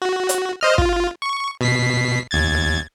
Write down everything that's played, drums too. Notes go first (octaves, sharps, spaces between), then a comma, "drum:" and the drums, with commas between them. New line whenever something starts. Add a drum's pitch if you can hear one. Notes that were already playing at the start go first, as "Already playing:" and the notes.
F#4
drum: hi-hat
C5 D#5 F6
F4, drum: kick
C#6
B2 B6 C7
D#2 G#6 A6